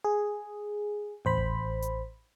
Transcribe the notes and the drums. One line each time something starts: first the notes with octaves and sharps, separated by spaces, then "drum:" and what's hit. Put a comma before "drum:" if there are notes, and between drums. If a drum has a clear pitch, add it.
G#4
A1 C5 B5, drum: tom D#2
drum: kick G#1
drum: hi-hat